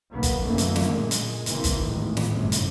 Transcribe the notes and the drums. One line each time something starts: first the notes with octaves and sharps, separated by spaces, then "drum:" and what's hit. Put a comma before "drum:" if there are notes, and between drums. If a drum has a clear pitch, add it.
B1 A#3 B3
drum: kick G1, hi-hat
F#2 D3 E3 A3 A#3
drum: hi-hat
drum: snare
A#2 G#3
drum: hi-hat
F#1 E3 A#3 C4, drum: hi-hat
drum: kick G1, hi-hat
G#1 E2 A2 D#3
drum: snare
G1 F#2 A2 C3
drum: hi-hat